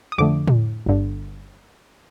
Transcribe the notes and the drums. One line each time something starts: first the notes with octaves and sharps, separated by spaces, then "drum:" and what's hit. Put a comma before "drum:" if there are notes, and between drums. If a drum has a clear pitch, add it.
D#6
F2 D3 A3 D6
drum: tom A2
G1 G2 D3